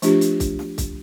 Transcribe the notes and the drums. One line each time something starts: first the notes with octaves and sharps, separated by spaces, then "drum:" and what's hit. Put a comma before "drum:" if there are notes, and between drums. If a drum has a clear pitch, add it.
F3 A3 D4 F4 G4, drum: hi-hat
drum: hi-hat
drum: kick, hi-hat
drum: snare
drum: kick, hi-hat